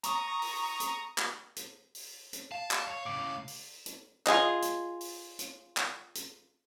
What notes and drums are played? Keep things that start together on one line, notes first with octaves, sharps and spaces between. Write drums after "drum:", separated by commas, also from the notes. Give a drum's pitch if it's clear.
A#5 C#6 D#6, drum: hi-hat
drum: open hi-hat
drum: hi-hat
drum: clap
drum: hi-hat
drum: open hi-hat
drum: hi-hat
F5 A5
drum: clap
C#5
A2 C#3 D6
drum: open hi-hat
drum: hi-hat
F4 G#4 D#5, drum: clap
drum: hi-hat
drum: open hi-hat
drum: hi-hat
drum: clap
drum: hi-hat